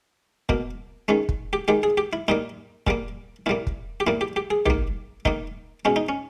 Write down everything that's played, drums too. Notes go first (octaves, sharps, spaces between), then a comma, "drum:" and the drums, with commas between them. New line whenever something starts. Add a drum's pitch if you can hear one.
B2 A#3, drum: kick
D#3 G#3 C#4
drum: kick
G4
D#3 G#3 G4
G#4
G4
E4
A#2 G3 A#3 D#4
A#2 G3 A#3, drum: kick
A#2 G3 A#3 E4
drum: kick
G4
A#2 G3 A#3 E4
G4
G4
G#4
D#3 A#3 G4, drum: tom
D#3 A#3 D#4, drum: kick
B2 G#3 C#4
D#4
C#4